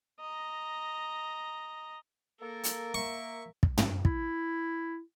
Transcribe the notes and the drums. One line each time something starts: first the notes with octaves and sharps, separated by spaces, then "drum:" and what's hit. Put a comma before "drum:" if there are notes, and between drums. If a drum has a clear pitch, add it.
D#5 A#5
A#3 A4 A#4
drum: hi-hat
A#3 E5 C#6
drum: kick
drum: tom
E4, drum: kick